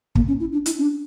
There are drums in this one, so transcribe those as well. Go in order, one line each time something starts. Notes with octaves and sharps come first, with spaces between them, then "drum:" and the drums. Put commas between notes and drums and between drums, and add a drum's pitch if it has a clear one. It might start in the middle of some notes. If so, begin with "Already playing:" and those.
A#3, drum: kick
C#4
E4
D4
E4, drum: hi-hat
C#4
D4